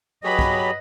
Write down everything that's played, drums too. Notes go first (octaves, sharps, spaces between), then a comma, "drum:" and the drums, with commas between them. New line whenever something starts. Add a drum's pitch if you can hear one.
F#3 G4 G#4 B4 C#5 D#5 B5
drum: kick